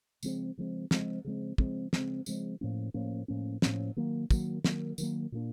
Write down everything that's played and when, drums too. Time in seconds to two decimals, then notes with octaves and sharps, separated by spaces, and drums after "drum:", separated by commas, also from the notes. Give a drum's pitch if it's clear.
0.23 C#3 F3 G#3 C4, drum: tambourine
0.57 C#3 F3 G#3 C4
0.91 C#3 F3 G#3 C4, drum: snare
1.24 C#3 F3 G#3 C4
1.58 C#3 F3 G#3 C4, drum: kick
1.93 C#3 F3 G#3 C4, drum: snare
2.26 C#3 F3 G#3 C4, drum: tambourine
2.61 A2 F3 A#3 C#4
2.94 A2 F3 A#3 C#4
3.28 A2 F3 A#3 C#4
3.62 A2 F3 A#3 C#4, drum: snare
3.96 D#3 F#3 A#3
4.31 D#3 F#3 A#3, drum: kick, tambourine
4.64 D#3 F#3 A#3, drum: snare
4.98 D#3 F#3 A#3, drum: tambourine
5.32 A#2 G3 A#3 D4